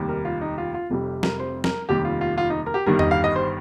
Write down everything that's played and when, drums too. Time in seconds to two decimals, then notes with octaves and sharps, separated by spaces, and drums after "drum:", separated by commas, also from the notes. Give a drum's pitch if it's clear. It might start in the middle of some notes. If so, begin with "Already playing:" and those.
Already playing: F1 D#2 D#3 G3
0.09 A#4
0.25 F4
0.41 D#4
0.58 F4
0.74 F4
0.90 F1 F2 C3 G3
1.23 A#4, drum: snare
1.39 C5
1.64 A#4, drum: snare
1.89 F1 D#2 D#3 G3 G4
2.05 F4
2.21 F4
2.38 F4
2.50 D#4
2.66 A#4
2.74 G4
2.86 G1 G2 D#3 G3 A#4
2.99 D#5, drum: tom E2
3.11 F5
3.24 D#5
3.36 C5